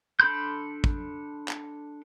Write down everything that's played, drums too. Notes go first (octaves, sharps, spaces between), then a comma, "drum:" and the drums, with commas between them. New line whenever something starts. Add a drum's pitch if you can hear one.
D4 A4 B5 C6 G6
drum: kick
drum: clap